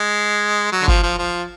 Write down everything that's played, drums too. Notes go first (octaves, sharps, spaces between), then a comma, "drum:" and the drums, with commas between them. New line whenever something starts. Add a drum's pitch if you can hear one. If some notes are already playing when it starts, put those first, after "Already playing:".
Already playing: G#3
F#3
D3
F3, drum: kick
F3
F3